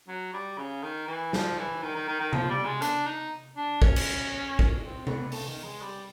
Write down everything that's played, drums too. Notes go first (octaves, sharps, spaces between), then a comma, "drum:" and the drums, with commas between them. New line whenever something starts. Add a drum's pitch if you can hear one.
F#3
G3
C#3
D#3
E3
F3, drum: snare
E3
D#3
D#3
D#3
D#3
F3, drum: tom C3
G3
G#3
D4, drum: hi-hat
D#4
D4
C#4, drum: kick
drum: cymbal
drum: kick
C4
B3, drum: tom C3
A3, drum: open hi-hat
D#3
G#3
G3